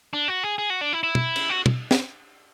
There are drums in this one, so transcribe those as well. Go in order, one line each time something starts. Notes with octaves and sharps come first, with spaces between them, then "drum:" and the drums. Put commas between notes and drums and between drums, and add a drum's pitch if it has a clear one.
D4
F#4
G#4
G#4
F#4
D4
E4
E4
drum: tom
drum: cymbal
F#4
drum: tom
drum: snare